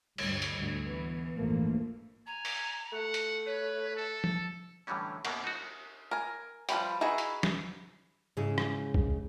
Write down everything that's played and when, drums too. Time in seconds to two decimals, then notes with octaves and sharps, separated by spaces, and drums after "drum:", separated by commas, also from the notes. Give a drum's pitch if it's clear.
0.18 D2 G2 G3, drum: cymbal
0.42 drum: hi-hat
0.56 D2 G#2
0.86 E3 B3
1.36 A1 E2 G2 F3 A3 A#3
2.27 G#5 A#5
2.45 drum: open hi-hat
2.93 A3 F#5
3.14 drum: hi-hat
3.46 B4 C#5
3.96 A4 A5
4.24 drum: tom F3
4.87 A2 D3 E3 F#3 G3 C#4
5.25 F#2 B2 F#3 A#3 B3, drum: cymbal
5.44 D#4 F#4
6.11 A#4 G#5
6.69 F3 G3 G#3 B4 G5, drum: hi-hat
7.01 D#4 E4 F#4 G#4 B4
7.18 drum: hi-hat
7.43 drum: snare
8.37 G#2 C#3 E4 G#4
8.58 drum: rim click
8.94 drum: kick A#1